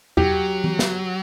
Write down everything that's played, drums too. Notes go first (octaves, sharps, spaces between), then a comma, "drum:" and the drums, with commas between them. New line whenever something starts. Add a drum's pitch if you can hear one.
F#3 G4, drum: tom E2
drum: tom E3
drum: snare